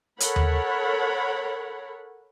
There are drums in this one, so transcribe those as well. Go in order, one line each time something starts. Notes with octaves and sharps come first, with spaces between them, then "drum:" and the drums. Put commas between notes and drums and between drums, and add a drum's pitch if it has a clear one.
A4 A#4 C#5 F#5 B5, drum: hi-hat
drum: tom D#2